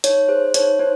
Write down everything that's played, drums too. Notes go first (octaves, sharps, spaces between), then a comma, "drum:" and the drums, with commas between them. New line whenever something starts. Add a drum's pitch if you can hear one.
D#4 C#5, drum: hi-hat
G#4 C5
D#4 C#5, drum: hi-hat
D#4 C5